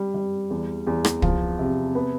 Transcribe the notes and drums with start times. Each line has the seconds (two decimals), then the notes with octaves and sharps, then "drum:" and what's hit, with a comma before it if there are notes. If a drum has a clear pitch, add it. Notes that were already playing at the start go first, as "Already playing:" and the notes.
Already playing: G3
0.14 G3
0.50 E2
0.87 E2
1.05 drum: rim click
1.22 F3, drum: kick
1.59 C3
1.95 B3